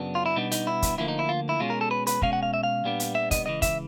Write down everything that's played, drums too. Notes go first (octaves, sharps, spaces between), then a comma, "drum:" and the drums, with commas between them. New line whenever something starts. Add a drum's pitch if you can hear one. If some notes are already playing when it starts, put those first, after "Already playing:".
Already playing: F#2 C#3 F#3 B3 D4
F4
E4
B2 G3 B3 D4 D#4
D#4, drum: hi-hat
E4
drum: kick, hi-hat
D2 D3 F3 A#3 E4
D#4
E4
F4
E4
B2 G#3 C#4 F4
A#4
A4
B4
B4, drum: hi-hat
B2 G#3 C#4 F5, drum: kick
F#5
F5
E5
F5
A#2 G3 B3 D4
drum: hi-hat
E5
D#5, drum: kick, hi-hat
C#2 C#3 E3 D#5
E5, drum: kick, hi-hat